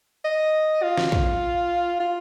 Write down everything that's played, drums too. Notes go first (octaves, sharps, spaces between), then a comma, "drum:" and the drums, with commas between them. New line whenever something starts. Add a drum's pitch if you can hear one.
D#5
F4
drum: snare
drum: kick
F4